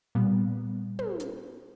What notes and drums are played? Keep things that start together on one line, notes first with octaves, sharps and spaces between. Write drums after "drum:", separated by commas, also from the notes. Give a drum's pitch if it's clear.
A#2 G3 B3
drum: tom
drum: hi-hat